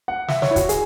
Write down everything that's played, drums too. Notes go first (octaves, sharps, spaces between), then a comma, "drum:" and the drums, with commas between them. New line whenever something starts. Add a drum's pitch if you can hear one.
F#5
E5, drum: snare
C#5, drum: snare
E4
F#4, drum: kick, hi-hat
G#4, drum: hi-hat